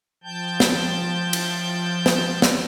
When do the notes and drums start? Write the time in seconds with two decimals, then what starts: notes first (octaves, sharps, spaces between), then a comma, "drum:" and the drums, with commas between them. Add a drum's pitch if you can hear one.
0.24 F3 G5 A5 G6
0.60 drum: snare
1.33 drum: cymbal
2.06 drum: snare
2.42 drum: snare